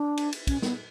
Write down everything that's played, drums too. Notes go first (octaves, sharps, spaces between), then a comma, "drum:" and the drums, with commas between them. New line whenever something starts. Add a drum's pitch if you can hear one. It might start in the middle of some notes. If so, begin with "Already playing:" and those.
Already playing: D4
drum: cymbal
drum: cymbal
C#4, drum: kick, cymbal
B3, drum: snare